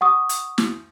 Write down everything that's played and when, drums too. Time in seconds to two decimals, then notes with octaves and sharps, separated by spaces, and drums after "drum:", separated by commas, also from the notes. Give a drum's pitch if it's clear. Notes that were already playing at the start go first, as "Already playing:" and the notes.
0.01 F#5 C#6 D#6
0.29 drum: hi-hat
0.58 drum: snare